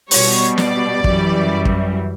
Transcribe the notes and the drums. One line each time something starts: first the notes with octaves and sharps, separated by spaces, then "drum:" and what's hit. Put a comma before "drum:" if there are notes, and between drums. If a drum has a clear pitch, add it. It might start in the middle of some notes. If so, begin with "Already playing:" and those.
B2 G3 C#5, drum: open hi-hat
D5, drum: snare
F#2 E3 G3, drum: kick
drum: kick